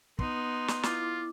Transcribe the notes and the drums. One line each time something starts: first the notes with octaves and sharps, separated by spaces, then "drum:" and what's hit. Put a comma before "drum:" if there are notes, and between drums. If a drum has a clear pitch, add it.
B3 D#4 C6, drum: kick
drum: snare
E4 F4 D6, drum: snare